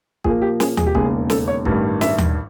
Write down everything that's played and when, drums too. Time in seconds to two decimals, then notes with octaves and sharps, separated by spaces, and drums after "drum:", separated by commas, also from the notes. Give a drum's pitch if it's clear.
0.24 A#2 F3 A#3 G#4, drum: kick B1
0.42 G4
0.60 G#4, drum: snare
0.77 G#4, drum: tom D#2
0.86 G4
0.95 E1 D#2 C#3 G#4, drum: kick B1
1.30 A4, drum: snare
1.48 C#5
1.65 A1 G2 D#3 G3, drum: kick B1
2.01 E5, drum: snare
2.18 drum: tom D#2